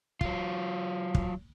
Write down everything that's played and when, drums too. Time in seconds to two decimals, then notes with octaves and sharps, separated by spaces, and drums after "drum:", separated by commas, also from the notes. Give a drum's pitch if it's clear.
0.21 F#3 F4, drum: kick
1.15 drum: kick